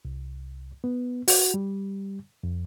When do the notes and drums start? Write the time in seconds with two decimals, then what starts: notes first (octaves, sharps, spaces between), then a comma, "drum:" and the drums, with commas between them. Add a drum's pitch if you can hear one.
0.05 C2
0.84 B3
1.28 F#4, drum: open hi-hat
1.54 G3
2.43 F2